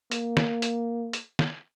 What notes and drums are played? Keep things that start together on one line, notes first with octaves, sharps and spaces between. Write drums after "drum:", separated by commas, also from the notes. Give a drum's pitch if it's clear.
A#3, drum: hi-hat
drum: snare
drum: hi-hat
drum: hi-hat
drum: snare